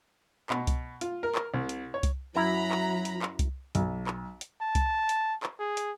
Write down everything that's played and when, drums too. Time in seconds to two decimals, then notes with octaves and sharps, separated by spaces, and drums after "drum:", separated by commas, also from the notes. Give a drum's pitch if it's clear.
0.50 B2, drum: clap
0.67 drum: kick C2, hi-hat
1.01 F4, drum: hi-hat
1.23 A#4
1.35 drum: clap
1.54 C2
1.69 drum: hi-hat
1.94 C#5
2.03 drum: kick C2, hi-hat
2.36 F#2 F#3 E4 A#5 B5
2.71 drum: clap
3.05 drum: hi-hat
3.22 drum: clap
3.39 drum: kick C2, hi-hat
3.75 B1, drum: hi-hat
4.07 drum: clap
4.41 drum: hi-hat
4.61 A5
4.75 drum: kick C2, hi-hat
5.09 drum: hi-hat
5.43 drum: clap
5.59 G#4
5.77 drum: hi-hat